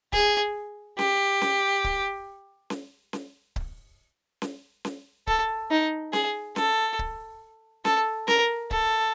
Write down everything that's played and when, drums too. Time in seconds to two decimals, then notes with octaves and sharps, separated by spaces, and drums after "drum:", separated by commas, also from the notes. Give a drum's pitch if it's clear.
0.13 G#4, drum: kick C#1
0.99 G4, drum: snare C#4
1.41 drum: snare C#4
1.84 drum: kick C#1
2.70 drum: snare C#4
3.13 drum: snare C#4
3.56 drum: kick C#1
4.42 drum: snare C#4
4.85 drum: snare C#4
5.27 A4, drum: kick C#1
5.70 D#4
6.13 G#4, drum: snare C#4
6.56 A4, drum: snare C#4
6.99 drum: kick C#1
7.85 A4, drum: snare C#4
8.28 A#4, drum: snare C#4
8.71 A4, drum: kick C#1